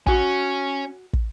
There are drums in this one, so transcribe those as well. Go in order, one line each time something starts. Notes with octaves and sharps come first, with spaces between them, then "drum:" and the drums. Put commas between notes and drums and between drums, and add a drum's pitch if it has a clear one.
C#4 F#4 G#5, drum: kick
drum: kick